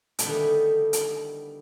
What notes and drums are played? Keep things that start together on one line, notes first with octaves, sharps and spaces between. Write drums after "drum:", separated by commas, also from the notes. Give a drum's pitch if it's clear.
D3 D#3 G3 A3 B3 E4, drum: hi-hat
drum: hi-hat